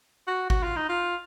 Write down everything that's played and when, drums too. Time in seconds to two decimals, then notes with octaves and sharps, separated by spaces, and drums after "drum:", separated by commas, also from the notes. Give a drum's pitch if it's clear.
0.27 F#4
0.50 F#4, drum: kick G#1
0.63 F4
0.76 D#4
0.89 F4